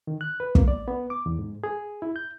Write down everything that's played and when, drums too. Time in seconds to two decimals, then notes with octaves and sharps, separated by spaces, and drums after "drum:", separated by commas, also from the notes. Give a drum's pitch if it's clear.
0.07 D#3
0.21 F#6
0.40 B4
0.55 A#3, drum: kick
0.68 D5
0.88 B3
1.10 D6
1.26 E2
1.39 G#2
1.64 G#4
2.02 E4
2.16 G6